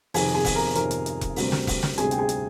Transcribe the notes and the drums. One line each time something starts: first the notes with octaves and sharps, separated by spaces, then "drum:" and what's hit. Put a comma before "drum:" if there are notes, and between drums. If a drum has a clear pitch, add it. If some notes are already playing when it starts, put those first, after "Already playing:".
F2 C3 D#3 G#4 G#5, drum: open hi-hat
G#4 G#5
drum: kick E1, open hi-hat
A#4 A#5
F2 C3 D#3 A#4 A#5, drum: hi-hat
drum: hi-hat
drum: hi-hat
drum: kick E1, hi-hat
D2 C3 G3 C4, drum: open hi-hat
drum: snare
drum: kick E1, open hi-hat
drum: snare
D2 C3 G3 C4 G#4 G#5, drum: hi-hat
G5, drum: hi-hat
G#4 G#5
drum: hi-hat